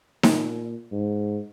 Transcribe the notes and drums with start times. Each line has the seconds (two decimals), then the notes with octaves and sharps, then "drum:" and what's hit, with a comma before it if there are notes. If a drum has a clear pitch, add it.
0.23 A#2, drum: snare D#4
0.92 G#2